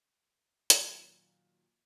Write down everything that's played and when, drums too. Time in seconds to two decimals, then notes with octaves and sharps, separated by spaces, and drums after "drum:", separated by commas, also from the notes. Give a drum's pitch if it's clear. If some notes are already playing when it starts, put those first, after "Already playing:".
0.70 A#2 D#3 F#3, drum: hi-hat